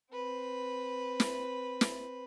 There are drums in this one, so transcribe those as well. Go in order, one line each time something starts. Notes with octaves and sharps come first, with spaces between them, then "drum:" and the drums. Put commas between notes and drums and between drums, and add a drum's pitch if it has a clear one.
C4 B4
drum: snare
drum: snare